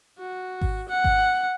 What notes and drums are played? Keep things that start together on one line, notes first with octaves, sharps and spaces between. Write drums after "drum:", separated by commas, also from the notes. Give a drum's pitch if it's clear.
F#4
drum: kick G#1
F#5
drum: kick G#1